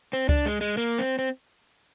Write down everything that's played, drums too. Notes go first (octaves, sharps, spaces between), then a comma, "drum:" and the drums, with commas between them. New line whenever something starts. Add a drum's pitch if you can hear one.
C4
D4, drum: kick C#2
G#3
G#3
A#3
C4
C4